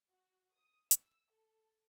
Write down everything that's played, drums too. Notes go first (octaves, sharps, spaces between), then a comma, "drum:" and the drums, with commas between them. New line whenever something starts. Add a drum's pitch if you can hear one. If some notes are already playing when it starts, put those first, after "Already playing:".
F#4
D#6
E6, drum: hi-hat
A4